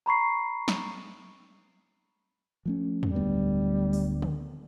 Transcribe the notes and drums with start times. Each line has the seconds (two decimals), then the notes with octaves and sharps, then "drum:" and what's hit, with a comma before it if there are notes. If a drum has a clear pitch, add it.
0.06 A#5 B5 C#6 C7
0.68 drum: snare
2.66 F3 A3 C#4
3.03 G3, drum: tom E2
3.15 D1 D2 B3
3.93 drum: open hi-hat
4.22 drum: tom D3